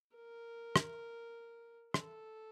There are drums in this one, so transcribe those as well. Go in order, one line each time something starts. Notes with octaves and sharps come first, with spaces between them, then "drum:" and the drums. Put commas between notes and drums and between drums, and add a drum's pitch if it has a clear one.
A#4
drum: rim click
A4, drum: rim click